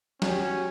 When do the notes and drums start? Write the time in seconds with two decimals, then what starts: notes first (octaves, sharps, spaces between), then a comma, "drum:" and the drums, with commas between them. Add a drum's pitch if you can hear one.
0.22 C#4 F#4, drum: snare
0.29 G4
0.37 F#4